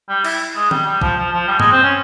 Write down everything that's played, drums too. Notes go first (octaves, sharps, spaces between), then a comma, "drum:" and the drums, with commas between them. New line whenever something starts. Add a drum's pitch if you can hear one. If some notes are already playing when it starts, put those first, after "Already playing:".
G3
E4, drum: cymbal
G#3
G3, drum: tom D#3
G3
F3, drum: kick
F3
F3
G3
G#3, drum: tom G2
C4
C#4